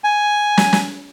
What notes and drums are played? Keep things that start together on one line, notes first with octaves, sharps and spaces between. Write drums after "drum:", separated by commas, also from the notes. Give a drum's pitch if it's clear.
G#5
drum: snare
drum: snare